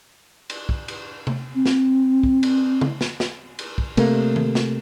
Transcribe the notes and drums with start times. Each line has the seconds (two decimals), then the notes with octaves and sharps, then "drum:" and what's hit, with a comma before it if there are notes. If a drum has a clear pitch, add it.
0.50 drum: cymbal
0.69 drum: kick
0.88 drum: cymbal
1.27 drum: tom C3
1.55 C4
1.66 drum: snare
2.23 drum: kick
2.43 drum: cymbal
2.81 drum: tom C#3
3.01 drum: snare
3.20 drum: snare
3.59 drum: cymbal
3.78 drum: kick
3.97 C3 A3 A#3, drum: cymbal
4.36 drum: tom D#3
4.55 drum: snare